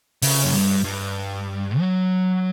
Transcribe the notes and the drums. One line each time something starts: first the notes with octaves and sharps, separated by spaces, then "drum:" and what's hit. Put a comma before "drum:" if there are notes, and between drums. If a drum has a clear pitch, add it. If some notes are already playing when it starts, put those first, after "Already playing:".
C#3, drum: open hi-hat
F#2
G2
G2
F#3